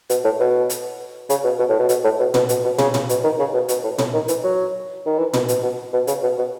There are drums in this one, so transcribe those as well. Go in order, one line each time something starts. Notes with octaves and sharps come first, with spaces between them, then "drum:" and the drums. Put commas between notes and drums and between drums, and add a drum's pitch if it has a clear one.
B2, drum: hi-hat
A2
B2
drum: hi-hat
C#3, drum: hi-hat
B2
B2
A2
B2
B2, drum: hi-hat
A2
B2
B2, drum: tom
B2, drum: hi-hat
B2
C#3, drum: tom
drum: tom
B2, drum: hi-hat
D#3
C#3
B2
B2, drum: hi-hat
A2
A2, drum: tom
D#3
E3, drum: hi-hat
F#3
D#3
E3
B2, drum: tom
B2, drum: hi-hat
B2
B2
C#3, drum: hi-hat
B2
B2